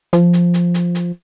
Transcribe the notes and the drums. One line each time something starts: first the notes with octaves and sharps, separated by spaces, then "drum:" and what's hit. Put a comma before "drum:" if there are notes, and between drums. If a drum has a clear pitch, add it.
F3, drum: hi-hat
drum: hi-hat
drum: hi-hat
drum: hi-hat
drum: hi-hat